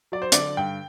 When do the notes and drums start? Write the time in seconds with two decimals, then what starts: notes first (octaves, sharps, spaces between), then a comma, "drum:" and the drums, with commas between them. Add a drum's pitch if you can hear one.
0.12 F#3 D5
0.22 C5
0.32 D3 D5, drum: hi-hat
0.57 G2 G5